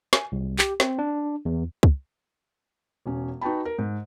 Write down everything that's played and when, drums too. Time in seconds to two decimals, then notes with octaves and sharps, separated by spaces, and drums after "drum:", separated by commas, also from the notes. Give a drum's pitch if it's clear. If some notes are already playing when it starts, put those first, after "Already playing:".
0.13 G#5, drum: snare
0.32 C2
0.59 G4, drum: clap
0.80 C4, drum: snare
0.99 D4
1.45 E2
1.83 drum: kick
3.06 E1 C#4
3.41 D#4 F#4 B4 G5 A5 B5
3.65 A#4
3.78 G#2